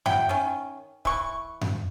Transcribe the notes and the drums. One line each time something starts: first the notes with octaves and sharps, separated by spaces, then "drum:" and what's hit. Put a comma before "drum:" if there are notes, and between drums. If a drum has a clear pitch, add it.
F#3 E4 G5, drum: tom F#2
D#3 C#4
E3 C#6, drum: kick
drum: tom F#2